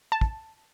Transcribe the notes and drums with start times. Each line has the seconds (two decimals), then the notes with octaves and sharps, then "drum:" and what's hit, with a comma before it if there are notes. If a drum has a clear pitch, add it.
0.12 A5
0.21 drum: kick